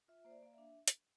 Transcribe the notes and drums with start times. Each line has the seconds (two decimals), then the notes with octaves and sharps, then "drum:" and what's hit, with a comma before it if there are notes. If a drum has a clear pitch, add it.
0.08 F4 E5
0.25 A#3 C5
0.31 D5
0.43 A#3 F5
0.53 D4 E5
0.88 drum: hi-hat